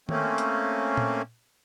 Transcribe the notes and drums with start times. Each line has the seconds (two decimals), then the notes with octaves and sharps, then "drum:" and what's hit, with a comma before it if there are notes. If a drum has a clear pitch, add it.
0.09 A3 A#3 C4 C#4, drum: tom D#3
0.38 drum: hi-hat
0.97 drum: tom A#2